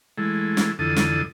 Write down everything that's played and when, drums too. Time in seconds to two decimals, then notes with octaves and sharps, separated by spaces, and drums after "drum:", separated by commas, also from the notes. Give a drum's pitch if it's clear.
0.18 E3 G#3 A3
0.57 drum: snare
0.79 F2 D3 E3 A4 D#6
0.96 drum: snare